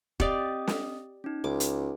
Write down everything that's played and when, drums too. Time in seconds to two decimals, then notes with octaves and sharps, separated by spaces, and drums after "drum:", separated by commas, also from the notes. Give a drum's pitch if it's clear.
0.20 C4 G4 D5 D#5 F5 D#6, drum: kick E1
0.67 drum: snare
1.24 C#4 D#4
1.44 C#2 D6
1.60 drum: hi-hat